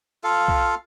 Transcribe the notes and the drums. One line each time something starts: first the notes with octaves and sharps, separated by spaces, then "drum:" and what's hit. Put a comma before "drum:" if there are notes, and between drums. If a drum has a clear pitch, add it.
F4 A4 F5
drum: kick B1